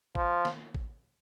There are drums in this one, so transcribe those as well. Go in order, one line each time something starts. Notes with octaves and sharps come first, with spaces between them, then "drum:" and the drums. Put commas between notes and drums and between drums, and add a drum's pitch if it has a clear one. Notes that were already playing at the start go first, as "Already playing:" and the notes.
F3, drum: kick A1
drum: snare
drum: kick A1